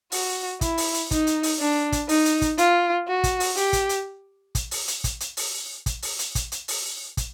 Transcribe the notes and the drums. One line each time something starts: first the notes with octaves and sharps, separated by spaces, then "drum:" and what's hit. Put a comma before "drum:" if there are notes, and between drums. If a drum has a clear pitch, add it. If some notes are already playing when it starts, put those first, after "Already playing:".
F#4, drum: open hi-hat
E4, drum: kick, hi-hat
drum: open hi-hat
drum: hi-hat
D#4, drum: kick, hi-hat
drum: hi-hat
drum: open hi-hat
D4
drum: kick, hi-hat
D#4, drum: open hi-hat
drum: hi-hat
drum: kick, hi-hat
F4, drum: hi-hat
F#4
drum: kick, hi-hat
drum: open hi-hat
G4, drum: hi-hat
drum: kick, hi-hat
drum: hi-hat
drum: kick, hi-hat
drum: open hi-hat
drum: hi-hat
drum: kick, hi-hat
drum: hi-hat
drum: open hi-hat
drum: kick, hi-hat
drum: open hi-hat
drum: hi-hat
drum: kick, hi-hat
drum: hi-hat
drum: open hi-hat
drum: kick, hi-hat